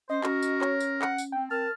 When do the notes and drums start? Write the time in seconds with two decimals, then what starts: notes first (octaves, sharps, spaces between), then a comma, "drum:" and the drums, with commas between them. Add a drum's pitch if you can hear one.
0.10 C#4 C5 D#5
0.24 C#4 F#4 A#4, drum: clap
0.42 drum: tambourine
0.61 C#5, drum: clap
0.80 drum: tambourine
1.02 F#5, drum: clap
1.18 drum: tambourine
1.32 C4 G5
1.51 C4 A#4 A5 F6